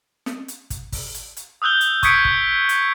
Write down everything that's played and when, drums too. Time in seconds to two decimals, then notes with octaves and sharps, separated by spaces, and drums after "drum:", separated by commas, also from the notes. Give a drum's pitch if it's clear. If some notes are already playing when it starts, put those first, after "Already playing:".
0.26 drum: snare
0.48 drum: hi-hat
0.70 drum: kick, hi-hat
0.92 drum: kick, open hi-hat
1.14 drum: hi-hat
1.37 drum: hi-hat
1.62 D#6 E6 F#6 G6 G7
1.81 drum: hi-hat
2.03 C#6 D#6 G#6 B6 C#7 D7, drum: kick, hi-hat
2.25 drum: kick
2.69 drum: hi-hat